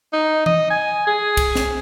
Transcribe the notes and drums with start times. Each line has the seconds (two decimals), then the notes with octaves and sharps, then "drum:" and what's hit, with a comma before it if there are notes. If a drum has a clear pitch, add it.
0.13 D#4
0.46 D#5, drum: tom
0.70 G#5
1.07 G#4
1.37 drum: kick, cymbal
1.55 drum: snare